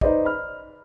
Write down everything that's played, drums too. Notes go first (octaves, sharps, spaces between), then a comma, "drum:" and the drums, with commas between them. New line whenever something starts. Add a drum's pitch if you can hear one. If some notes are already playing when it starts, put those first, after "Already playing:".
D#4 B4 C5 D5 D#5, drum: kick
B5 F6